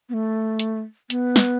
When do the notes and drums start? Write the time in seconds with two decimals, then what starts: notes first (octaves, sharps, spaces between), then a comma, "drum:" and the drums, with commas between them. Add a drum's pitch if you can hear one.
0.09 B3
0.14 A3
0.59 drum: hi-hat
1.10 B3, drum: hi-hat
1.36 drum: snare